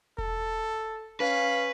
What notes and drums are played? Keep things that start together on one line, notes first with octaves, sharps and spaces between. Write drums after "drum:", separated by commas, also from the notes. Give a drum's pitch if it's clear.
A4, drum: kick E1
C#4 B4 F5